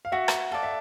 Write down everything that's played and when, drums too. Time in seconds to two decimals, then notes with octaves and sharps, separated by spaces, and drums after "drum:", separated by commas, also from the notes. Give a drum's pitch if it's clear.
0.05 F5
0.12 F#4 E5 F#5
0.28 drum: rim click
0.52 A4 D5 F5
0.63 E5